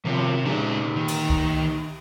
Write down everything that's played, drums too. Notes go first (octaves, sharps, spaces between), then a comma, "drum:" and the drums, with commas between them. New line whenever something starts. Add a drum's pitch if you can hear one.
C3 D#3 F3 C#5
C#3 G#3 D#4 G4 D5
D#3
drum: cymbal
drum: kick C2